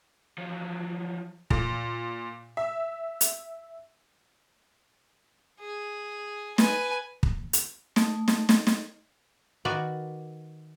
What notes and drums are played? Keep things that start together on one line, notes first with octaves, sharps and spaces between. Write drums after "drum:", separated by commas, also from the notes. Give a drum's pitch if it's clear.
F3 F#3
A#2, drum: kick
E5
drum: hi-hat
G#4
B4 G#5, drum: snare
drum: kick
drum: hi-hat
A3, drum: snare
drum: snare
drum: snare
drum: snare
D#3 F#4 A#4 B4 D5